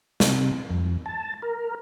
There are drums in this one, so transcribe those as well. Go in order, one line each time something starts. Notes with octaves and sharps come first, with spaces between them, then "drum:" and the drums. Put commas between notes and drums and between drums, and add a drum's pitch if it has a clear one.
C3, drum: snare
F2
A5
A#4